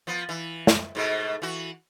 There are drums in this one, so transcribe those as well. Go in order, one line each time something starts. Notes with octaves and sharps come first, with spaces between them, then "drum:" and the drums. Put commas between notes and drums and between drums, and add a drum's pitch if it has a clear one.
F3 B3
E3
drum: snare
G#2 B2 A3
E3 F#4